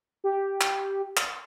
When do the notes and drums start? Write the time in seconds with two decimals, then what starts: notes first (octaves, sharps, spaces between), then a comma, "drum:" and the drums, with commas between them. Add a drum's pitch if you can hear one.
0.24 G4
0.61 drum: clap
1.17 drum: clap